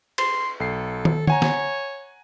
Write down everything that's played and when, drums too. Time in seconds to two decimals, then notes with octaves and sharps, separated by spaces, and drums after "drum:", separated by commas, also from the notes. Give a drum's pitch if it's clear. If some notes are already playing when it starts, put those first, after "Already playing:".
0.18 C6, drum: cymbal
0.60 B1 A4 C7
1.05 drum: tom
1.27 C#5 F#5 G#5 A#5, drum: tom D3
1.42 drum: snare